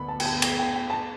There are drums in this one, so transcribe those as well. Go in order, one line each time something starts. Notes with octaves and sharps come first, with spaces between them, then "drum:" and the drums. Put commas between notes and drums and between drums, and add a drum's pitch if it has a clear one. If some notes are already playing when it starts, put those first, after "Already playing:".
Already playing: D2 D3 B3 B5
A5
G5, drum: cymbal
A5
G5, drum: cymbal
G5
G5
A5